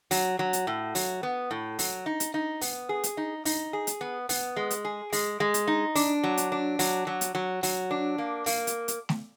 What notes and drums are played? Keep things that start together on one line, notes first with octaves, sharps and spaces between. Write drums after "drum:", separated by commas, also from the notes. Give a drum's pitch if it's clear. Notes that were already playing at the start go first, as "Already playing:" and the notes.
F#3, drum: open hi-hat
F#3
drum: hi-hat
A2
F#3, drum: open hi-hat
B3
A2
F#3, drum: open hi-hat
D#4
drum: hi-hat
D#4
B3, drum: open hi-hat
G#4
drum: hi-hat
D#4
D#4, drum: open hi-hat
G#4
drum: hi-hat
B3
B3, drum: open hi-hat
G#3
drum: hi-hat
G#4
G#3, drum: open hi-hat
G#3
drum: hi-hat
D#4
D4, drum: open hi-hat
F#3
drum: hi-hat
D4
F#3, drum: open hi-hat
F#3
drum: hi-hat
F#3
F#3, drum: open hi-hat
D4
A#3
A#3, drum: open hi-hat
drum: hi-hat
drum: hi-hat
drum: snare A3